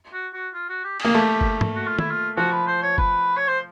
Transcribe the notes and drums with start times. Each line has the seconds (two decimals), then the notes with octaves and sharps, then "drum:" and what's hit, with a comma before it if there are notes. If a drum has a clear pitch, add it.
0.13 F#4
0.34 F#4
0.54 F4
0.69 F#4
0.84 G4
1.00 G#4, drum: cymbal
1.05 A#3
1.14 A3 G4
1.41 drum: kick F#1
1.61 drum: tom G#2
1.76 F#4
1.87 F4
1.99 E4, drum: tom
2.11 F4
2.37 F3 F#4
2.52 B4
2.67 C5
2.83 C#5
2.98 B4, drum: kick F#1
3.37 C#5
3.48 C5